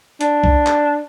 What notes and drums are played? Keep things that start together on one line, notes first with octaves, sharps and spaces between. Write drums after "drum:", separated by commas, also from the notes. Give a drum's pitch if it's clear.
D4, drum: hi-hat
drum: kick C2
drum: clap